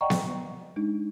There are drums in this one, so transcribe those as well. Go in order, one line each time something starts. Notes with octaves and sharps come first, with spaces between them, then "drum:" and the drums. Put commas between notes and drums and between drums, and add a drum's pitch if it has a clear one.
D5 D#5 F#5 G5 A#5 C#6
drum: snare B3
G#3 D4 D#4